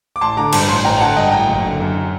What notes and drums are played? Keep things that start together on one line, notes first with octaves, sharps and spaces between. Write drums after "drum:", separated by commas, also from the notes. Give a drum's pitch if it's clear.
D6
A1 A5 C6
D3 A#5 D6
G2 A5 C6, drum: cymbal
A1 A5 C6
A1 G5 A#5
A#5
D3 F#5 A5
G2 D#5 G5
A1 G5 A#5
F#1
D3
F#2